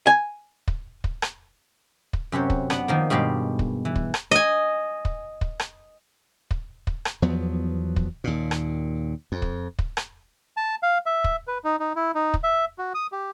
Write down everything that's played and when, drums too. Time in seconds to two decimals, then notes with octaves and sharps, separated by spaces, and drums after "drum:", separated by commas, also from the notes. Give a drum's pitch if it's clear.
0.07 G#5
0.68 drum: kick
1.04 drum: kick
1.22 drum: rim click
2.13 drum: kick
2.32 F#2 C3 G4 C#5
2.50 drum: kick
2.70 B3 D4 F#5, drum: rim click
2.88 D#3 F3 A#3
3.10 G2 B2 G#3 G4 F5
3.59 drum: kick
3.85 E3
3.96 drum: kick
4.14 drum: rim click
4.31 D#5 G#5
5.05 drum: kick
5.41 drum: kick
5.59 drum: rim click
6.51 drum: kick
6.87 drum: kick
7.05 drum: rim click
7.22 E2 F3 F#3 B3
7.96 drum: kick
8.24 D#2 A#2
8.51 drum: rim click
9.32 F2
9.42 drum: kick
9.79 drum: kick
9.97 drum: rim click
10.57 A5
10.83 F5
11.06 E5
11.24 drum: kick
11.47 B4
11.64 D#4
11.80 D#4
11.96 E4
12.15 D#4
12.34 drum: kick
12.44 E5
12.78 F#4
12.94 D#6
13.12 G4